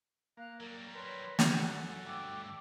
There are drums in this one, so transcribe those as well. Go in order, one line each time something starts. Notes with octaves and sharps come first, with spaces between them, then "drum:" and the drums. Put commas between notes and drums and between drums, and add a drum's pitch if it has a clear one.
A#3 F5 F#6
F#3 G3 A#4
A#4 B4 C#5 C6
drum: snare
F#2 F#4 A4 F#5
D2 G2 G5 D6 E6